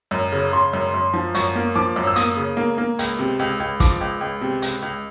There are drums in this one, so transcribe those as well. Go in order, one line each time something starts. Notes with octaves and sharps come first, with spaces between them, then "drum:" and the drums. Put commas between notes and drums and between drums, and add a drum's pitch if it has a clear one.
F#2
C#3
C#3 C6
F#2
F#2
F3
F#2 C#6, drum: hi-hat
A#3
F3 D6
F#2
E6
A#3 D#6, drum: hi-hat
C#3
A#3
A#3
C#2, drum: hi-hat
C3
C#2
C#2
F3 D6, drum: kick, hi-hat
C#2
C#2
C3
C#2, drum: hi-hat
C#2